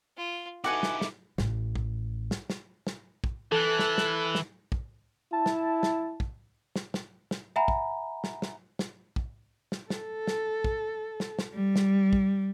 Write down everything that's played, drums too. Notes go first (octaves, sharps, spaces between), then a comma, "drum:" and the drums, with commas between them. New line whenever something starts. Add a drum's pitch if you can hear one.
F4
D#4 E4 F#4 A4 B4 F#5 G#5 D6
drum: snare
drum: snare
A1, drum: snare
drum: kick
drum: snare
drum: snare
drum: snare
drum: kick
E3 A4 A5 F#6
drum: snare
drum: snare
drum: snare
drum: kick
E4 A5
drum: snare
drum: snare
drum: kick
drum: snare
drum: snare
drum: snare
E5 F#5 G#5 A#5 B5
drum: kick
drum: snare
drum: snare
drum: snare
drum: kick
drum: snare
A4, drum: snare
drum: snare
drum: kick
drum: snare
drum: snare
G3
drum: snare
drum: kick